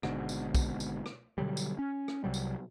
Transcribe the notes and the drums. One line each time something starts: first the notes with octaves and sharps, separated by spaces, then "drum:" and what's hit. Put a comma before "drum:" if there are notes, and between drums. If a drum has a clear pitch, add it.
G#1 G#2 B2 D3, drum: rim click
drum: tambourine
drum: kick B1, tambourine
drum: tambourine
drum: rim click
B2 D3 F#3 G3
drum: tambourine
C#4
drum: rim click
C2 C3 F#3 G3
drum: tambourine